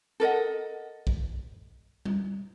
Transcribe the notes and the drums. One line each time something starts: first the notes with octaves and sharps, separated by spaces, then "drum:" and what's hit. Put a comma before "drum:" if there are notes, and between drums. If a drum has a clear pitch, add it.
A4 A#4 D#5 F#5
drum: kick
drum: tom G3